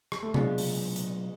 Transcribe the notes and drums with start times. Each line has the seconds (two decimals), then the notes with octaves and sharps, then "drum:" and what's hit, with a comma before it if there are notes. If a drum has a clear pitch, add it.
0.12 drum: rim click
0.22 A3
0.34 B2 F#3 G#3 B3 D4 F4, drum: tom C3
0.58 drum: open hi-hat
0.96 drum: hi-hat